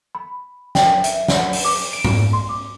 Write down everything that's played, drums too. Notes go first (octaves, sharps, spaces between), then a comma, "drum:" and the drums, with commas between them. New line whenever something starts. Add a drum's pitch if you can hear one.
B5
G5, drum: snare
E5, drum: hi-hat
F#5, drum: snare
drum: open hi-hat
D6
D7
drum: tom G#2
C6
D6